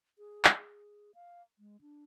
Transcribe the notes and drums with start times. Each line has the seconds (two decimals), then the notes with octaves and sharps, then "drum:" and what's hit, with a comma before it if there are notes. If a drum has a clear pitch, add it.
0.18 G#4
0.45 drum: clap
0.58 G#4
1.15 F5
1.59 G#3
1.81 D4